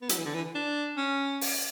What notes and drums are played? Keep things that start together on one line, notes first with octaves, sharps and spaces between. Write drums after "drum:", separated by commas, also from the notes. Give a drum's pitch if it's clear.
B3
F#3, drum: hi-hat
E3
D3
E3
D4
C#4
drum: open hi-hat